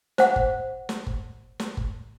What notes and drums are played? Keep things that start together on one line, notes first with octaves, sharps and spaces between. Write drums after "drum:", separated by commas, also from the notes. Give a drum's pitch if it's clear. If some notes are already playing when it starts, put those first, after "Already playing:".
C5 F#5, drum: snare
drum: kick G1
drum: snare
drum: kick G1
drum: snare
drum: kick G1